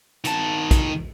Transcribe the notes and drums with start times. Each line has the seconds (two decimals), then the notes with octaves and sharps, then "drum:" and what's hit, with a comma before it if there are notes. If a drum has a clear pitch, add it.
0.25 D#3 A5, drum: hi-hat
0.71 drum: kick A#1, hi-hat